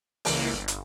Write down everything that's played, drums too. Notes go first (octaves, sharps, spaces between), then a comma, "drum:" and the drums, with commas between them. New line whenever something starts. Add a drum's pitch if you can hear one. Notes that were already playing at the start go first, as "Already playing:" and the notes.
C#2 E3 A#3, drum: open hi-hat
G1
drum: hi-hat